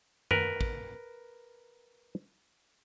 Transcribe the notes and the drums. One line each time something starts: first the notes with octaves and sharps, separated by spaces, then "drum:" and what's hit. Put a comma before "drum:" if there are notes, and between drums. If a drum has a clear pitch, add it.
A#4 B4, drum: tom F#2
drum: kick